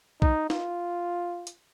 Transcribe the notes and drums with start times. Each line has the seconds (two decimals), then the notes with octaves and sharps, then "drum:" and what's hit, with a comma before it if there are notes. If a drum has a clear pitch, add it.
0.22 D#4, drum: kick B1
0.50 F4, drum: snare
1.47 drum: hi-hat